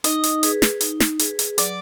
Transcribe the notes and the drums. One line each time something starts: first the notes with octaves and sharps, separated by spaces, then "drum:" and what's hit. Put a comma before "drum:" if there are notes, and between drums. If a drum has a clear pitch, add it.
D#4 D#5, drum: hi-hat
drum: hi-hat
G#4 B4, drum: hi-hat
drum: snare
D#4, drum: hi-hat
drum: snare
G#4 B4, drum: hi-hat
drum: hi-hat
F#3 D5, drum: hi-hat